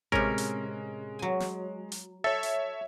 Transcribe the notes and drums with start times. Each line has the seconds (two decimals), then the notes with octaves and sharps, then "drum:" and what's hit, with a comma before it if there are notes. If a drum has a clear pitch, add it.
0.12 A2 C3 G#3 C#4 A#4, drum: kick A1
0.38 drum: hi-hat
1.19 F#3 G#5
1.40 drum: snare
1.92 drum: hi-hat
2.24 A4 C#5 E5
2.43 drum: hi-hat